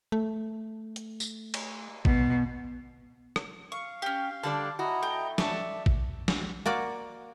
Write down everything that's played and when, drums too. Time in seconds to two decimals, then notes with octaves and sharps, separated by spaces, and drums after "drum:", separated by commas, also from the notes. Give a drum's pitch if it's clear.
0.12 A3
0.96 drum: hi-hat
1.20 drum: tambourine
1.54 drum: cymbal
2.05 B2, drum: kick A1
3.36 drum: rim click
3.72 F5 C#6
4.02 C#4 G4
4.43 D3 G3 D4 A5
4.79 E4 F#4 D#5 A#5
5.03 A3 G5
5.38 D5 E5 A5 C#6, drum: snare
5.86 drum: kick A1
6.28 drum: snare
6.66 A#3 F#4 D5